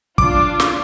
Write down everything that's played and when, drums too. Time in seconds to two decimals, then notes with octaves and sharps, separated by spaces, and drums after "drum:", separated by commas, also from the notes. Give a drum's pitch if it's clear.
0.18 D4 F4 D6, drum: kick
0.60 drum: snare